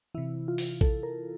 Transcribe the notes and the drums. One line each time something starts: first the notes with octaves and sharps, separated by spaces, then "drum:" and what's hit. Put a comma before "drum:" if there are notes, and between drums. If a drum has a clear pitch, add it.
C3 E3 E4
F4
drum: open hi-hat
A4, drum: kick A#1
A#4